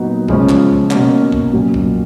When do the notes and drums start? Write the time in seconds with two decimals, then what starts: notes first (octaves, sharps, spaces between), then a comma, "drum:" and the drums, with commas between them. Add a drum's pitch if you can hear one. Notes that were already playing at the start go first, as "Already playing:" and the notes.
Already playing: A#2 F#3 B3 D#4
0.28 C#3 F3 G#3 C#4, drum: kick
0.49 drum: clap
0.91 B2 A#3 C#4, drum: clap
1.32 drum: kick
1.53 A#2 F#3 C#4
1.74 drum: kick